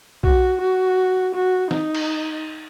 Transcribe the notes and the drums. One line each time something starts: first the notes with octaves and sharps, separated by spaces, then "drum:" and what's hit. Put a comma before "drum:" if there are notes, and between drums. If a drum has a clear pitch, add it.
F#4, drum: kick B1
F#4
F#4
D#4, drum: snare
drum: cymbal